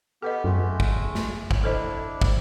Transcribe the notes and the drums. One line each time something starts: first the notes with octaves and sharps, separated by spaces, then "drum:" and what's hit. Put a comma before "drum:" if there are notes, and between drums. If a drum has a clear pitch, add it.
B3 G4 A4 B4 D#5
F#2 G#3 A3
drum: kick
drum: snare
drum: kick
D4 E4 A4 C5 D#5
drum: kick